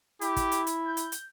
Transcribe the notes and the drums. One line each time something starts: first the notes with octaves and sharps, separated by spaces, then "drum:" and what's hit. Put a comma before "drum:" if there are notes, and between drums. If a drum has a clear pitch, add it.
E4 G4, drum: hi-hat
drum: kick, hi-hat
drum: hi-hat
drum: hi-hat
G6
drum: hi-hat
drum: hi-hat